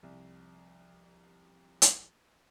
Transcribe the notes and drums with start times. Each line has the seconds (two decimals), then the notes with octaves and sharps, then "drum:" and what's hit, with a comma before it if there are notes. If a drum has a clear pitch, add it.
0.03 C2 F3
1.82 drum: hi-hat